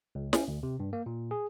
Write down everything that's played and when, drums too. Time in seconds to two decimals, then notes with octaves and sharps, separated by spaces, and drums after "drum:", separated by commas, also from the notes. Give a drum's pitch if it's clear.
0.15 C#2
0.33 C#4, drum: snare
0.48 D2
0.63 C3
0.80 G2
0.93 A#3
1.06 A#2
1.31 G#4